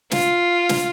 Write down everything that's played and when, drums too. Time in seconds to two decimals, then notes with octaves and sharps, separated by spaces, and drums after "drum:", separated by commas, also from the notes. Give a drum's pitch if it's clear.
0.11 F4, drum: snare
0.69 drum: snare